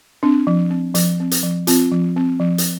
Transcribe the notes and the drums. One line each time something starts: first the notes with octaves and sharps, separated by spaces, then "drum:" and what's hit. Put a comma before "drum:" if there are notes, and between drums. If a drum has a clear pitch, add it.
C4 D4
F3
C4
F3, drum: hi-hat
C4
drum: hi-hat
F3
C4 F4, drum: hi-hat
F3
C4
F3
drum: hi-hat